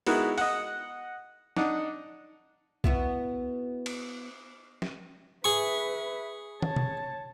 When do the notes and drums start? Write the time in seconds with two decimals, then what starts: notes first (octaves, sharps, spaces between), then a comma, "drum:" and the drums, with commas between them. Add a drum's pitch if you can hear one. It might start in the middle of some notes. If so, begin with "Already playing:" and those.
0.07 G#3 B3 D#4 E4 F#4 A#4, drum: open hi-hat
0.38 D#5 F#5, drum: open hi-hat
1.57 D4 D#4 F#5, drum: snare
2.84 B3 E4 F#4, drum: kick B1
3.86 drum: cymbal
4.82 drum: snare
5.44 G#4 B4 E5 C#6
6.62 C#5 A5, drum: tom
6.76 drum: tom B2